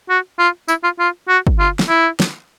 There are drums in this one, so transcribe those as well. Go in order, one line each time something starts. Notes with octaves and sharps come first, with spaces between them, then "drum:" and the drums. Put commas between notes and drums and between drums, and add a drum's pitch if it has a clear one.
F#4
F4
E4, drum: tambourine
F4
F4
F#4
drum: kick
F4
drum: snare
E4
drum: snare